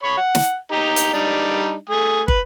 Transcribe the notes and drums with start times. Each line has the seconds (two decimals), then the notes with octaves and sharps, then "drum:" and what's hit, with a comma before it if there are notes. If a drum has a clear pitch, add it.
0.03 C#5 B5 C#6
0.17 F#5
0.35 drum: snare
0.72 D#4 G4 A#5
0.96 drum: hi-hat
1.13 G3 D4 D#4
1.89 A3 G#5 D#6
2.28 B4, drum: kick